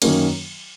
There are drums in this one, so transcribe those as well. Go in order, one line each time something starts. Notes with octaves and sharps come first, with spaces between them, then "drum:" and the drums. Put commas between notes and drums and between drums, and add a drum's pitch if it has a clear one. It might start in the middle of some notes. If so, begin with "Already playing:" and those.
F#2 D#3 F#3 A#3 C#4, drum: cymbal